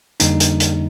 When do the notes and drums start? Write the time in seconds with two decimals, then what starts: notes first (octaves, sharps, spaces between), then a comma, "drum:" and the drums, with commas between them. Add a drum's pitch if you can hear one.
0.20 F2 D3 G3 A#3 D4 D#4, drum: hi-hat
0.40 drum: hi-hat
0.60 drum: hi-hat